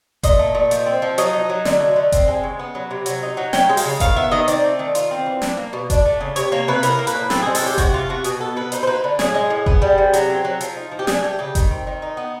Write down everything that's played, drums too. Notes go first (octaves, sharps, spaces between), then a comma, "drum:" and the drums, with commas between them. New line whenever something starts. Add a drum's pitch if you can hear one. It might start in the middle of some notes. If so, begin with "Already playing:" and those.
A#2 D#5, drum: kick F#1, hi-hat
A3
A#2
F3, drum: hi-hat
C4
F3
F#3 D#5, drum: hi-hat
D#4
F#3
D3, drum: snare
A3
D3
C4, drum: kick F#1, hi-hat
G#3
C#3
B3
F#3
C3
F#3, drum: hi-hat
D#4
F#3
C#4 G5, drum: snare
G#3
F5, drum: open hi-hat
C#3
D#3 F5, drum: kick F#1, hi-hat
B3 E5
D#3 D#5
C4 D5, drum: hi-hat
A3
D#3
F4, drum: hi-hat
C4
E3
D4, drum: snare
A#3
B2
D4, drum: kick F#1, hi-hat
A3
C#3
C3 C#5, drum: hi-hat
A#3 C#5
C3 B4
A2 A#4, drum: hi-hat
A#3
B4, drum: hi-hat
A2
C4 A4, drum: snare
G#3 G#4
A4, drum: open hi-hat
A2 G4
C3 F#4, drum: kick F#1, hi-hat
A3 F4
C3 F#4
B2 G#4, drum: hi-hat
B3 A4
B2 B4
D#4 C5, drum: hi-hat
C5
A#3 B4
D3
A2 G#4, drum: snare
G#3
A2
B3, drum: kick F#1
G3
C3
F#3, drum: hi-hat
C4
F#3
F3, drum: hi-hat
D#4
F3
G4
D4 G#4, drum: snare
A3 G4
C#3 G4
D#3, drum: kick F#1, hi-hat
C4
D#3
D#4
B3